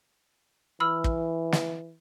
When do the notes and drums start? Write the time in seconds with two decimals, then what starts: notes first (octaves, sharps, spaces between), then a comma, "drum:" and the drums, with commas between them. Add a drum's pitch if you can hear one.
0.80 E3 B5 E6 F6
1.04 drum: kick
1.52 drum: snare